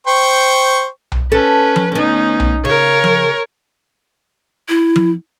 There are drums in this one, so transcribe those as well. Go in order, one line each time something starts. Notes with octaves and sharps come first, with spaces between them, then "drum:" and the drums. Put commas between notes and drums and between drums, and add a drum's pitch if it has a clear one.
C5 G5 C#6
drum: tom B1
C#4 A4 B4
drum: tom F3
D2 B3 C#4 D#4
drum: tom B1
C#3 A#4 C#5
drum: tom F3
E4
drum: tom F3